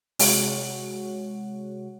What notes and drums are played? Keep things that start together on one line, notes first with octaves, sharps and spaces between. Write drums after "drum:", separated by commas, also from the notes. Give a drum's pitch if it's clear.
C3 G#3 F#4 G#4 C#5 F#5, drum: open hi-hat